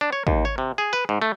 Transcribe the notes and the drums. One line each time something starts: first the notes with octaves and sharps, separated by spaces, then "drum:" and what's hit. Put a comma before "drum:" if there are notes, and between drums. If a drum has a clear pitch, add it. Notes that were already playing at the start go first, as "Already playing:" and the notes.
D4
C#5
D#2, drum: kick
C#5
C3
G#4
B4
G#2
A3